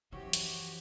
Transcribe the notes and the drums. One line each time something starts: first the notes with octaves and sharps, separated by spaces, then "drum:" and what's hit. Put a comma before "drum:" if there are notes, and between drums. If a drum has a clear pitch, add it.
F#2 E3 F3 F#4 G4 C#5
drum: hi-hat